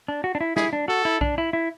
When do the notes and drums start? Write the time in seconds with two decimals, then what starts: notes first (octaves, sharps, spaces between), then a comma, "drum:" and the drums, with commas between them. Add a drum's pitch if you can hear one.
0.08 D4
0.24 F#4
0.35 D4
0.41 E4
0.56 E4 G#4, drum: snare
0.73 D4
0.88 F#4 A4
1.05 E4
1.21 D4, drum: kick B1
1.38 E4
1.53 E4